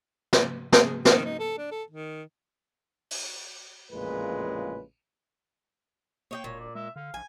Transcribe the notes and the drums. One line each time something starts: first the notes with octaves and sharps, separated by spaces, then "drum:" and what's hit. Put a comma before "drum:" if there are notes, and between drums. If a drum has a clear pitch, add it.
drum: snare
G#4, drum: snare
D#3, drum: snare
D#4
A4
D4
A4
D#3
drum: open hi-hat
A1 F2 A#2 C#3 G#3 B4
A#3 C#5 D#5 G5
E1 A#2 C#5
D5
G#3 E5
D3 F5
A#1 G#5